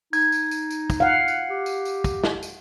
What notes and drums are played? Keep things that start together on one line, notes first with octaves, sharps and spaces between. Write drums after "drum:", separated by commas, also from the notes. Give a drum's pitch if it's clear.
D#4 G#6, drum: tambourine
drum: tambourine
drum: tambourine
drum: tambourine
drum: kick, tambourine
F5 F#5
drum: tambourine
G4
drum: tambourine
drum: tambourine
drum: kick, tambourine
drum: snare
drum: tambourine